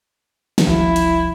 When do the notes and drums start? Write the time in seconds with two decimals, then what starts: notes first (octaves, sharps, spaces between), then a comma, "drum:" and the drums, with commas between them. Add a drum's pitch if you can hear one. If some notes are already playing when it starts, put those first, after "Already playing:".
0.58 drum: snare
0.67 F1 C2 F3 E4
0.96 drum: hi-hat